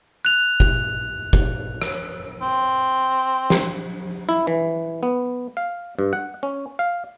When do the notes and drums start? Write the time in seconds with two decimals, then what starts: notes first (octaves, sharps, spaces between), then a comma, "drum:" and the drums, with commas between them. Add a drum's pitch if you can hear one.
0.25 F#6 F7
0.60 drum: kick
1.33 drum: kick
1.82 drum: rim click
2.42 C4
3.50 drum: snare
4.29 E4
4.47 E3
5.03 B3
5.57 F5
5.99 G2
6.13 F#5
6.43 C#4
6.79 F5